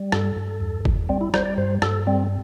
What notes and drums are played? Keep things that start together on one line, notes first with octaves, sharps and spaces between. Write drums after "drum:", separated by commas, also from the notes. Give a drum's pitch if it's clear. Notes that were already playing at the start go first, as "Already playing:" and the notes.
Already playing: G3
G2 A4, drum: rim click
G2
E2
E2, drum: kick
G3 C4
E4
G3 C5, drum: rim click
D5
G2 C5
G2 A4, drum: rim click
G3 C4